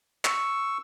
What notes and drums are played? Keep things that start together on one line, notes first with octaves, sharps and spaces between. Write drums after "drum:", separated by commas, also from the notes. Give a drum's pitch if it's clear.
C#6 E6, drum: clap